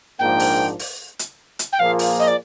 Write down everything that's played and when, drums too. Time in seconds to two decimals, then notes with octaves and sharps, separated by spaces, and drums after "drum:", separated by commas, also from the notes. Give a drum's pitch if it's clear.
0.19 A#1 G#2 F3 A#3 D4 G5
0.40 drum: open hi-hat
0.79 drum: open hi-hat
1.19 drum: hi-hat
1.59 drum: hi-hat
1.72 G5
1.79 A#2 F3 A#3 F4 G#4 F5
1.99 drum: open hi-hat
2.19 D#5
2.27 D5